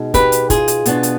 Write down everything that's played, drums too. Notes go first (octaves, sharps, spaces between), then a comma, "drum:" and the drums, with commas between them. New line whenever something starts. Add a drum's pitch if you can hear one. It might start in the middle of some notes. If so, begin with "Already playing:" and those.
Already playing: B2 G#3 D#4
G4 B4, drum: kick, hi-hat
drum: hi-hat
F4 G#4, drum: kick, hi-hat
drum: hi-hat
B2 B3 D4 F4, drum: hi-hat
drum: hi-hat